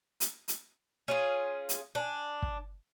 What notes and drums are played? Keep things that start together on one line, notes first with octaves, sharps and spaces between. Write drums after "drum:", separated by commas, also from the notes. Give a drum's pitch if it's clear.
drum: hi-hat
drum: hi-hat
C#4 F4 G#4
drum: hi-hat
D4 G#5
drum: kick